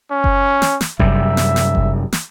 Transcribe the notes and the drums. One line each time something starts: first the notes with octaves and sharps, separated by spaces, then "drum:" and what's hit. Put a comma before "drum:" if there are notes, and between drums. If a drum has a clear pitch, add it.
C#4
drum: kick F#1
drum: snare
drum: snare
F#2 C3 G3 E5, drum: kick F#1
drum: snare
drum: snare
drum: kick F#1
drum: snare